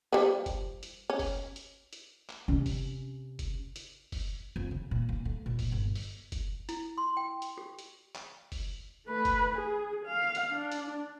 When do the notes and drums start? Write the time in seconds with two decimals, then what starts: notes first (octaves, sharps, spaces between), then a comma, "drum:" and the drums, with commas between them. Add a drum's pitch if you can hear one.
0.13 F3 G3 B3
0.46 drum: kick, hi-hat
0.83 drum: hi-hat
1.10 C#4
1.19 drum: kick, open hi-hat
1.56 drum: hi-hat
1.93 drum: hi-hat
2.29 drum: clap
2.48 C3 C#4
2.66 drum: kick, open hi-hat
3.39 drum: kick, hi-hat
3.76 drum: hi-hat
4.12 drum: kick, open hi-hat
4.56 F2
4.71 C#3
4.91 A#2
5.09 A#3
5.25 A3
5.46 A#2
5.59 drum: kick, open hi-hat
5.72 G1
5.95 drum: open hi-hat
6.32 drum: kick, hi-hat
6.69 E4, drum: hi-hat
6.98 C6
7.17 G5
7.42 drum: hi-hat
7.58 G4
7.79 drum: hi-hat
8.15 drum: clap
8.52 drum: kick, open hi-hat
9.07 A3 B4
9.25 drum: kick, hi-hat
9.55 G#4
10.06 F5
10.35 drum: hi-hat
10.51 D4
10.72 drum: hi-hat